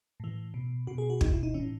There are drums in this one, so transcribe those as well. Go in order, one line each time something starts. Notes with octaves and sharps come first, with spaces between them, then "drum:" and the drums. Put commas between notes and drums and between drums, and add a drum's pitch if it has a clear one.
A2 E3
B2
B2 F#4
G#4
F#4
B2 D#4, drum: kick
E4
D#4
E3 C#4
A2